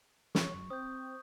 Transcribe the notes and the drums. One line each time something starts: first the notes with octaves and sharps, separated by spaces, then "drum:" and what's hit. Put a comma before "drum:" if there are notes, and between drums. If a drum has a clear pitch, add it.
C#5 C#6, drum: snare
F#2
C4 D#6 G6